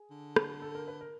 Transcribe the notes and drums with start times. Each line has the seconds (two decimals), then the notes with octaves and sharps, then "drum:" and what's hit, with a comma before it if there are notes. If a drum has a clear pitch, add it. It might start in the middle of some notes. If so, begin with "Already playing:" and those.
Already playing: G#4
0.10 D3
0.36 drum: rim click
0.62 A4
0.75 A#4
0.88 B4
1.01 A#4